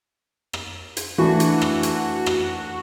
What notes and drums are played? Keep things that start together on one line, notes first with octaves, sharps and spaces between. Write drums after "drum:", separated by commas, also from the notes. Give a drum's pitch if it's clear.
drum: rim click
drum: hi-hat
E3 A3 D4 F#4
drum: hi-hat
drum: rim click
drum: hi-hat
drum: rim click